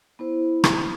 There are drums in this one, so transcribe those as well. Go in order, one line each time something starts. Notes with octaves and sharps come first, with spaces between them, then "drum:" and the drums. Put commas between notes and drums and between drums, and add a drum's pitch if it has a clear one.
B3 E4 C5
drum: rim click